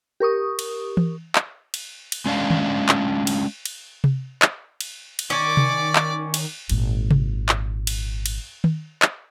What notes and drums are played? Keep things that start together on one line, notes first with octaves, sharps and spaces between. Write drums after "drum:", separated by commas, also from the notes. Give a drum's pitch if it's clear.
G4 A#4 C#6 D#6
drum: cymbal
drum: tom E3
drum: clap
drum: cymbal
drum: cymbal
G#3 C#4 D4 D#5 F5
drum: tom D#3
drum: clap
drum: cymbal
drum: cymbal
drum: tom C3
drum: clap
drum: cymbal
drum: cymbal
D#3 C#4 D5 D6
drum: tom C3
drum: clap
drum: cymbal
G#1 A#2, drum: cymbal
drum: tom C3
drum: clap
drum: cymbal
drum: cymbal
drum: tom D#3
drum: clap